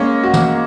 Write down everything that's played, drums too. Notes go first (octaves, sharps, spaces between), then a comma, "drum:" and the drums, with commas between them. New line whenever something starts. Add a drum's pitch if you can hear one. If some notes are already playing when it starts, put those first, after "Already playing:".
Already playing: G#3 A#3 C#4
F#4
drum: tom